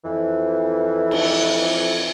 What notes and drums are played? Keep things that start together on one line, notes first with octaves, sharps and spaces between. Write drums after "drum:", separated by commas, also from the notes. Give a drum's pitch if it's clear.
F2 E3
drum: cymbal